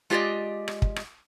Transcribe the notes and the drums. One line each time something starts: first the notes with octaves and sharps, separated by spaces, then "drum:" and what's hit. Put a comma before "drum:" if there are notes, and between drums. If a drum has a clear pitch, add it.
G#3 F4 G4 C5 D5 D#5
drum: rim click
drum: kick
drum: rim click